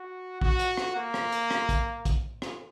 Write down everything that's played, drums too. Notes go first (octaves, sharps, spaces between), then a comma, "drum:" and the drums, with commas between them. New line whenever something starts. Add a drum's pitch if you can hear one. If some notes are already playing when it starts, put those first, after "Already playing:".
Already playing: F#4
F#4, drum: kick
drum: hi-hat
drum: rim click
A#3
drum: rim click
drum: hi-hat
drum: rim click
drum: kick, hi-hat
drum: kick, hi-hat
drum: rim click